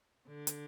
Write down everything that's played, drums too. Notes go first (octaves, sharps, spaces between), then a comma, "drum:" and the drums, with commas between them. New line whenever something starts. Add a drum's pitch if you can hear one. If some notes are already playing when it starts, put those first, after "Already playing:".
D3
drum: hi-hat